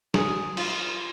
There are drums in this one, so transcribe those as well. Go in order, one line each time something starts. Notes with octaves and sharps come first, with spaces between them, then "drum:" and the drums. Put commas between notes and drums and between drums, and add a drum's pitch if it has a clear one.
G#4, drum: snare
F4, drum: cymbal